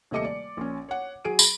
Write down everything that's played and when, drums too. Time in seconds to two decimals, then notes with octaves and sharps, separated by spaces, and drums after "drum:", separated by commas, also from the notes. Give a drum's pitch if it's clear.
0.11 D#1 C3 A3 D#5 D6 C#7
0.24 D5
0.57 A#1 C#4
0.89 C#5 F#5
1.25 F#3 G#4 D7 D#7
1.39 B5, drum: tambourine